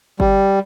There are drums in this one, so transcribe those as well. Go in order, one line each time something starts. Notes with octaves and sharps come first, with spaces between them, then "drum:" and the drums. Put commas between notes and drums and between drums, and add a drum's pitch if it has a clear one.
G3, drum: kick G1